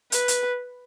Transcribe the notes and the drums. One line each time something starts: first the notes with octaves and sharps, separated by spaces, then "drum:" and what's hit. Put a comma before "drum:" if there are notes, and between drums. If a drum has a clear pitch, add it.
B4, drum: hi-hat
drum: hi-hat